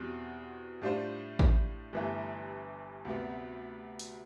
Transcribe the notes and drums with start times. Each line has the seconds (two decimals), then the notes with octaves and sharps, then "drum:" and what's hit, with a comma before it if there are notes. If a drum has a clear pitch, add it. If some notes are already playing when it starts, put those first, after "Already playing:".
Already playing: E2 B2 G3 C4
0.82 A2 G3 D4 F4 C5
1.39 drum: kick
1.93 G1 G2 E3 A3
3.05 D2 C3 G3 B3
3.99 drum: hi-hat